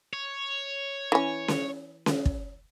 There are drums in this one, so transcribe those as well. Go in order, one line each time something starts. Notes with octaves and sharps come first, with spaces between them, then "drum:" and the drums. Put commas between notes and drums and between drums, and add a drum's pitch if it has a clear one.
C#5
E3 C#4
drum: snare C#4
drum: snare C#4
drum: kick